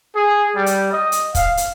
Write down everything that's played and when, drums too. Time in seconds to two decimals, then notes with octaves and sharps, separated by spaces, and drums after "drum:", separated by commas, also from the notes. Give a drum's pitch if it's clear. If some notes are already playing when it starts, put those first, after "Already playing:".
0.15 G#4
0.56 G3
0.66 drum: hi-hat
0.93 D#5
1.12 drum: hi-hat
1.35 F5, drum: kick, hi-hat
1.57 drum: hi-hat